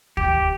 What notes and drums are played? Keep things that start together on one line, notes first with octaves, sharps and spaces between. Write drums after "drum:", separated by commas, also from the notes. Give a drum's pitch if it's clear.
G4, drum: kick